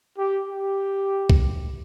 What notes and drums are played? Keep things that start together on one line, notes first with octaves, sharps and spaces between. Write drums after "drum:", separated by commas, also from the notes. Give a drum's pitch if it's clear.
G4
G4
drum: kick